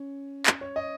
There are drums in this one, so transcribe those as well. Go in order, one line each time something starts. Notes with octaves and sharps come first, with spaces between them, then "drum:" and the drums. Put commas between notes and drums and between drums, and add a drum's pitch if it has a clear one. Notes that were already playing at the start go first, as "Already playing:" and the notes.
Already playing: C#4
drum: clap
C#5
D#5